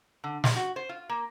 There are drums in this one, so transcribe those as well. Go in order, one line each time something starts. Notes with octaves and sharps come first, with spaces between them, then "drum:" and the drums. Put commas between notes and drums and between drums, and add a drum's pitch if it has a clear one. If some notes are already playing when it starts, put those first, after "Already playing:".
D3
G#3, drum: snare
F#4
C5
F4
A#3